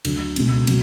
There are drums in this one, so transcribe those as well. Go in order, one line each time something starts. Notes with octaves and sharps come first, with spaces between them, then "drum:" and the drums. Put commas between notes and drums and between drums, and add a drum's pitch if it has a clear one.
D2 D3 F#3, drum: cymbal
C#2 B2 G#3, drum: cymbal
B2 F#3, drum: cymbal